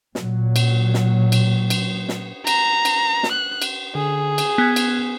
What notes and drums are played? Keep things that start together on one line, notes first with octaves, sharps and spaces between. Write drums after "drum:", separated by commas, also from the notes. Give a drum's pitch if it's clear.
A#2 F#3, drum: snare
drum: cymbal
drum: snare
drum: cymbal
drum: cymbal
drum: snare
A#5, drum: cymbal
drum: cymbal
drum: snare
F#6
drum: cymbal
D3 G#4
drum: cymbal
B3 G#5 G#6
drum: cymbal